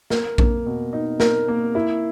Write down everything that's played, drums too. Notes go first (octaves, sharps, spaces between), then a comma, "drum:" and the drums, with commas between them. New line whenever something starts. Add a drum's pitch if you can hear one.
A#4, drum: snare
A#3, drum: kick A#1
B2
D#4
A#4, drum: snare
A#3
E4